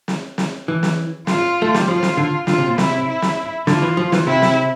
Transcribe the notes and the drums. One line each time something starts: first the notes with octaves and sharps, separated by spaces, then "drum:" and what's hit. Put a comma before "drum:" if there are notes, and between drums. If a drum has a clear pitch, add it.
drum: snare
drum: snare
E3
drum: snare
F4, drum: snare
A3
G3, drum: snare
F3 F4
drum: snare
D3
D3 F4, drum: snare
C3
A#2
C3 E4, drum: snare
E4
drum: snare
D3 F4, drum: snare
E3
F3
E3, drum: snare
C3 E4
drum: snare